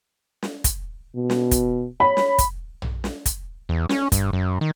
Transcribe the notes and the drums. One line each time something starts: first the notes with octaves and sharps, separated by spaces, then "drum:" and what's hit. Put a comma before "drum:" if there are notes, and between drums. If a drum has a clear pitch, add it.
drum: snare
drum: kick, hi-hat
B2
drum: snare
drum: kick, hi-hat
C#5 B5
drum: snare
drum: kick, hi-hat
drum: tom
drum: snare
drum: kick, hi-hat
E2
C#4, drum: snare
G2, drum: kick, hi-hat
F#2
D#3